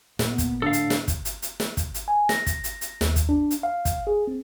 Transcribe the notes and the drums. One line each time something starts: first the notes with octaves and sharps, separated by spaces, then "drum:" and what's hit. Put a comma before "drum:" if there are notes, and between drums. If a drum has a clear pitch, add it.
A#2 B3, drum: snare
drum: kick, hi-hat
A2 D3 A4 F5
drum: hi-hat
drum: snare
drum: kick, hi-hat
drum: hi-hat
drum: hi-hat
drum: snare
drum: kick, hi-hat
drum: hi-hat
G#5
A#6, drum: snare
drum: kick, hi-hat
drum: hi-hat
drum: hi-hat
D#2, drum: snare
drum: kick, hi-hat
D4
drum: hi-hat
F5
drum: kick, hi-hat
G#4
C4